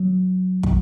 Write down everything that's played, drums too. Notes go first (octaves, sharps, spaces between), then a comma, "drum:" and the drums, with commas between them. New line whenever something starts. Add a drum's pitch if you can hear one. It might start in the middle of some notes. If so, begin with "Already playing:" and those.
Already playing: F#3
drum: kick